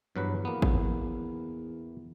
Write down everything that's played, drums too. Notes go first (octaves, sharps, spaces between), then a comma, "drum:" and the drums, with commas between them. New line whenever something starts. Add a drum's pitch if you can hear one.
E2 G2 F#3 B4
A#3 B3
drum: kick